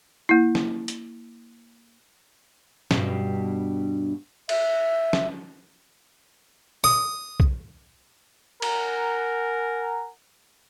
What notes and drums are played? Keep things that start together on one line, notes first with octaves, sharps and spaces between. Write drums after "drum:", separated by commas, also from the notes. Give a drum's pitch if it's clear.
A#3 E4
drum: snare
drum: hi-hat
G2 B2, drum: snare
E5, drum: cymbal
drum: snare
D#6, drum: rim click
drum: kick B1
A#4 F#5 G#5 A#5, drum: cymbal